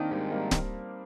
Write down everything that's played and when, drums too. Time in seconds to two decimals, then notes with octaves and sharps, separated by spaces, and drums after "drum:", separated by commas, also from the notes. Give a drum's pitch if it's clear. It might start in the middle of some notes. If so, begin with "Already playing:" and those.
Already playing: D#3 A#3 C4 D4 D#4
0.11 G#2 G3 A#3
0.31 G3 A#3
0.51 drum: snare D1